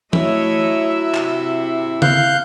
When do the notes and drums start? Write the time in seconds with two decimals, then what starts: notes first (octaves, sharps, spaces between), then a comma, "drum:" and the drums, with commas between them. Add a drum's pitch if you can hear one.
0.13 F#3 A3 E4 C#5 D#5 E5, drum: tom E3
1.15 C3, drum: clap
2.02 F5 F#6 G6, drum: tom C#3